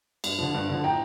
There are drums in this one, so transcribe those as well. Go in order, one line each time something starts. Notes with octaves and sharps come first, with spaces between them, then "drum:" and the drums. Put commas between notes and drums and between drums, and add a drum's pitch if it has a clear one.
G2, drum: cymbal
D3 F3
G2
D3 F3
A2 G5 A#5